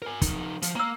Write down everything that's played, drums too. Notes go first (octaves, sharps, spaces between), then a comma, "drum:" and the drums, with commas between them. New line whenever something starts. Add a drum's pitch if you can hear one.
A#4 G#5
F3 D#4, drum: kick, hi-hat
F3, drum: hi-hat
A#3 A#5 E6